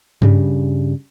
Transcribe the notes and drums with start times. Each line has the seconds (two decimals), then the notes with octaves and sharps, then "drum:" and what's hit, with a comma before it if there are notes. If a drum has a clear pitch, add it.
0.22 G2 C#3 G3, drum: tom G2